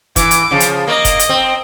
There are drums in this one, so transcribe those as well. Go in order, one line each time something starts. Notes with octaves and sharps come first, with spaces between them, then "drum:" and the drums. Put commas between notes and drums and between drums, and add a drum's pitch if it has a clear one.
E3 D6, drum: kick, hi-hat
drum: hi-hat
C#3 F3
drum: hi-hat
A#3 D#5
drum: kick, hi-hat
drum: hi-hat
C4